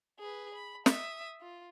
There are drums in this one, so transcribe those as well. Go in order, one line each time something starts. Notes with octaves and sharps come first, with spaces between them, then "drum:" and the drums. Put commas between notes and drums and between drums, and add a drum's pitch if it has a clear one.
G#4 B4
B5
E5 D#6, drum: snare
F4